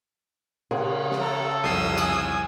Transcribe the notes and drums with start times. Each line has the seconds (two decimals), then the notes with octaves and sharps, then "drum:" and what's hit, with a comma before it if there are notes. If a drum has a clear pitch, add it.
0.71 C#3 G#4 A#4 C5, drum: cymbal
1.11 drum: snare
1.20 A4 A#5
1.64 C2 F2 G#4 D#6 E6 C7
1.98 G#5, drum: cymbal